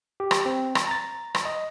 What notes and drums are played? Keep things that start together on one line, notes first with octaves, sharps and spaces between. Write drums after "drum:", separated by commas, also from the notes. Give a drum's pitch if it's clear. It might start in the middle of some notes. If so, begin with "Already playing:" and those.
G4
drum: rim click
C4
drum: rim click
A#5 A6
drum: rim click
D#5